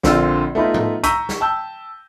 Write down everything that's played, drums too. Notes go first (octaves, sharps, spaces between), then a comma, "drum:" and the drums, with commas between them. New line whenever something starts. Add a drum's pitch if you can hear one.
A#1 D3 C4 F4 C5 E6, drum: snare
A3 B3 D#4 F4 B5
drum: tom G#2
A#5 C#6 E6 G6 B6 D#7, drum: hi-hat
drum: snare
G5 A5 E6 G6